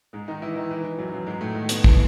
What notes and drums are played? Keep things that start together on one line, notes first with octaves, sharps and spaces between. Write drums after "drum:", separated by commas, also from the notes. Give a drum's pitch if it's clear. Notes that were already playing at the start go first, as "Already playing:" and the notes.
G#2 G#3
D#3 D#4
E3 E4
D#3 D#4
E3
E3
F#2 F#3
F#2 F#3
G#2 G#3
A2 A3
D#3 D#4
B2 B3, drum: hi-hat
E3, drum: kick